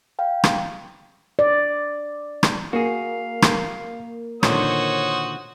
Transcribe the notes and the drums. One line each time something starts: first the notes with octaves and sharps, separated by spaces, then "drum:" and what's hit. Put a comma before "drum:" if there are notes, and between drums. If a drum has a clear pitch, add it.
F5 G5
drum: rim click
D5
drum: rim click
A#3 F#4 G#4 F5
drum: rim click
A#2 D3 D#3 F#4 C5 C#5 D#6, drum: rim click